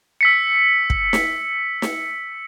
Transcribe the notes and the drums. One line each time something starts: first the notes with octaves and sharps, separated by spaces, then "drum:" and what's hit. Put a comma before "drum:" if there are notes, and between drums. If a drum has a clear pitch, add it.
E6 B6 C#7
drum: kick
drum: snare
drum: snare